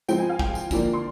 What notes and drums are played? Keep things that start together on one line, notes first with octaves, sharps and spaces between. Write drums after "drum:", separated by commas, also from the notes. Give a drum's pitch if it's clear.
F3 G#3 C4 G5, drum: tambourine
G#5
F5
G5, drum: kick
drum: tambourine
D3 F3 A#3 D4, drum: kick, tambourine
C6